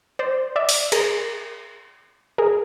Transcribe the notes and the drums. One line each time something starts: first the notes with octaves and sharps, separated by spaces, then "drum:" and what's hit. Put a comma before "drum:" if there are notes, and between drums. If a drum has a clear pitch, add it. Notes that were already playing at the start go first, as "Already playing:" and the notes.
C5 D5
D5 E5
drum: open hi-hat
G#4 A#4, drum: cymbal
G#4 A#4